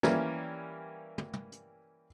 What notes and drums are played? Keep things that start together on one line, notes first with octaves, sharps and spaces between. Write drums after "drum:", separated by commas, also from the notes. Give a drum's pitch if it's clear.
E3 G3 A#3 C#4, drum: snare
drum: tom
drum: tom
drum: hi-hat